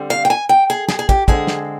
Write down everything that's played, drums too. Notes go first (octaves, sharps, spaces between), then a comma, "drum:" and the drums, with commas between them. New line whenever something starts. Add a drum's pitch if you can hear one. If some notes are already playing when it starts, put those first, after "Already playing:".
Already playing: D3 G3 C4
F5
G5
G#5
G5
G#4
G#4, drum: snare
G#4
G4, drum: kick
D3 G#3 C4 G#4, drum: kick
drum: snare